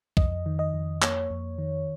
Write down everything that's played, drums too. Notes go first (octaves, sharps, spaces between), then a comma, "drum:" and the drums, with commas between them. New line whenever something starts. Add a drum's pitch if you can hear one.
F2 D#5, drum: kick
D#3
D#5
F2
A#3 C#5, drum: clap
F2
D#3